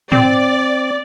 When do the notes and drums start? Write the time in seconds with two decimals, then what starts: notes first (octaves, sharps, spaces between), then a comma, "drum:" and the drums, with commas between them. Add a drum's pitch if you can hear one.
0.12 C4 D5, drum: tom